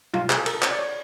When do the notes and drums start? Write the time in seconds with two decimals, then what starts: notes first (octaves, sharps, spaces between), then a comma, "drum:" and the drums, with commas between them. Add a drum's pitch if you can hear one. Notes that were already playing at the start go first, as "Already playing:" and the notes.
0.14 F4, drum: tom
0.30 G#4, drum: clap
0.38 A4
0.46 A#4, drum: cymbal
0.54 A4
0.62 C#5, drum: clap
0.71 D5
0.79 C#5